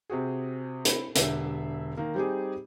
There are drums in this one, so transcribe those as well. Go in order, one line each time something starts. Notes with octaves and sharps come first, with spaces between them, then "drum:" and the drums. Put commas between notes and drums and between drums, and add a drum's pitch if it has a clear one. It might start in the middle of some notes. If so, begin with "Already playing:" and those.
C3 C4 F#4 G#4
C4 E4, drum: hi-hat
E1 D3 G4 E5 C7, drum: hi-hat
D#3 A#3
G3 C4 D#4 G4 G#4